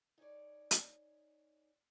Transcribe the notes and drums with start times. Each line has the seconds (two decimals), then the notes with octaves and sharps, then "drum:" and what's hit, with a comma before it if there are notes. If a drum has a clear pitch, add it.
0.18 D#4 G#4 C#5 D5
0.71 drum: hi-hat